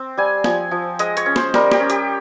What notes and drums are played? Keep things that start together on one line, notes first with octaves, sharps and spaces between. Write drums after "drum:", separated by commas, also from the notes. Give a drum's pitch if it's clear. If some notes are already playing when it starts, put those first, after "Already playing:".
Already playing: C4
G3 G#5
F3 G#5, drum: snare
F3
G#3 D#5, drum: hi-hat
C#5, drum: hi-hat
C#4
C5, drum: snare
G3 A#4, drum: snare
G4, drum: snare
C#4
G4, drum: hi-hat